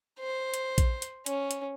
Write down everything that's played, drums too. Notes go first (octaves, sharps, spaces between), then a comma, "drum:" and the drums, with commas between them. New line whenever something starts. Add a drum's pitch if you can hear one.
C5
drum: hi-hat
drum: kick A#1, hi-hat
drum: hi-hat
C#4, drum: hi-hat
drum: hi-hat